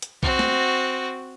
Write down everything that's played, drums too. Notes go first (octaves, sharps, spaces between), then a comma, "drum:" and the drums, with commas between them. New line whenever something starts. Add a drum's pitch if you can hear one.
drum: hi-hat
C4 F#4, drum: kick
drum: snare